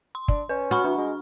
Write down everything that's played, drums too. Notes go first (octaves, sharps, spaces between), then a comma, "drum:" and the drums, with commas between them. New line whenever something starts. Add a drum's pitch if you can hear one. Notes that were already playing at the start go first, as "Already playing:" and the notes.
C6
D4, drum: kick
C#4 B4
F#4 B5 C#6 F6
E3 D4
G#3